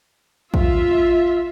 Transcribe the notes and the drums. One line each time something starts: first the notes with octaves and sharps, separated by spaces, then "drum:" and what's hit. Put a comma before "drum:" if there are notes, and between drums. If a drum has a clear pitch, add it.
F4 E5, drum: kick